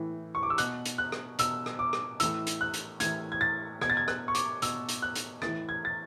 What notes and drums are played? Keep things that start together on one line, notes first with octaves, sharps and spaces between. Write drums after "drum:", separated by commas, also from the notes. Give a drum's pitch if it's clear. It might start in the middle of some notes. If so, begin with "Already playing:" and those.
Already playing: A2 E3
C#6
D6
E6
B2 F#6, drum: hi-hat
drum: hi-hat
F#6
drum: rim click
B2 E6, drum: hi-hat
drum: rim click
D6
drum: rim click
A2 E3 E6, drum: hi-hat
drum: hi-hat
F#6
drum: hi-hat
A2 E3 G#6, drum: hi-hat
G#6
A6
B2 G#6, drum: rim click
A6
G#6
F#6, drum: rim click
C#6
D6, drum: hi-hat
B2 E6, drum: hi-hat
drum: hi-hat
F#6
drum: hi-hat
A2 E3 A6, drum: rim click
G#6
A6